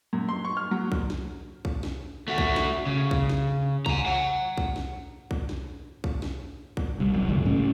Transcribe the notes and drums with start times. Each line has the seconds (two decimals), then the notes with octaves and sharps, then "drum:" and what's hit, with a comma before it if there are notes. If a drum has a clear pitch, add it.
0.13 F#2
0.29 C6
0.45 C#6
0.57 F6
0.71 F#3
0.92 drum: kick B1
1.10 drum: snare
1.65 drum: kick B1
1.83 drum: snare
2.28 A3 F#4
2.38 drum: kick B1
2.56 drum: snare
2.87 C#3
3.11 drum: kick B1
3.29 drum: snare
3.86 G#5 A#5, drum: kick B1
4.06 F#5 A#5
4.58 drum: kick B1
4.76 drum: snare
5.31 drum: kick B1
5.49 drum: snare
6.04 drum: kick B1
6.22 drum: snare
6.77 drum: kick B1
7.00 C2
7.14 F1 F#3
7.29 G1 C#2
7.45 A2 A3 C#4